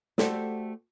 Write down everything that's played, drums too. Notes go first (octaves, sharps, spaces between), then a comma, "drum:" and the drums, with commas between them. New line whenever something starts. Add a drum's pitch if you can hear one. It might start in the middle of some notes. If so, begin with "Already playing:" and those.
A3 F#4 G4 A4 C5 D5, drum: snare